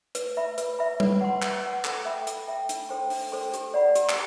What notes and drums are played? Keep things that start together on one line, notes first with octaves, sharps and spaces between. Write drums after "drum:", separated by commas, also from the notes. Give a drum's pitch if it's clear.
B4, drum: hi-hat
E5 B5
B4, drum: hi-hat
E5 B5
B4, drum: tom
F#5 C6
B4, drum: clap
F#5 C6
A4, drum: clap
E5 G5 B5
A4, drum: hi-hat
E5 G5 B5
D4, drum: hi-hat
A4 C5 G5 C6
D4, drum: open hi-hat
A4 C5 G5 C6
G4, drum: hi-hat
D5 F#5 B5
G4, drum: hi-hat
drum: clap